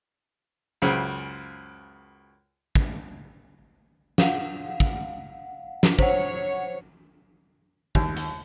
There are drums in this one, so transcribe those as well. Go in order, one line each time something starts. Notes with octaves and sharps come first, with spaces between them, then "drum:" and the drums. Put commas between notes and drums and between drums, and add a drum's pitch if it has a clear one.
C#2 F#2 C#3 C5
drum: kick
F5 F#5, drum: snare
drum: kick
drum: snare
C5 C#5 F#5, drum: kick
D#2, drum: kick
drum: hi-hat